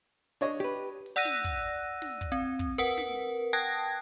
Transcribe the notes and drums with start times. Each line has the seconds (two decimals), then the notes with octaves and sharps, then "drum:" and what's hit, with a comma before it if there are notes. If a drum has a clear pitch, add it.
0.41 D4 C#5 D#5
0.60 G4 B4
0.87 drum: hi-hat
1.06 drum: open hi-hat
1.16 D5 F#5 E6 F#6 A#6 D#7
1.25 drum: snare
1.44 drum: kick, open hi-hat
1.63 drum: hi-hat
1.83 drum: hi-hat
2.02 drum: snare
2.21 drum: kick, hi-hat
2.32 C4
2.59 drum: kick, hi-hat
2.78 A#4 B4 F#5, drum: hi-hat
2.98 drum: snare
3.17 drum: hi-hat
3.36 drum: hi-hat
3.53 G5 A5 D#6 F#6 G#6 A#6, drum: hi-hat
3.74 drum: hi-hat